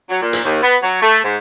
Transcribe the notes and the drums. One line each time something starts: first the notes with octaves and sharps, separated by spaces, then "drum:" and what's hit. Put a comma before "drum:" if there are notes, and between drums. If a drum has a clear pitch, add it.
F#3
A#2
drum: hi-hat
D#2
B3
F#3
A3
G#2